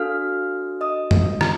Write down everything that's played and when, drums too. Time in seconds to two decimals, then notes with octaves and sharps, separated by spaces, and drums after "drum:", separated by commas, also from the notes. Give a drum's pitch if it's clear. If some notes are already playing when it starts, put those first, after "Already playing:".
Already playing: D4 F#4 A4 F5 F6
0.81 D#5 D#6
1.11 drum: tom
1.41 drum: rim click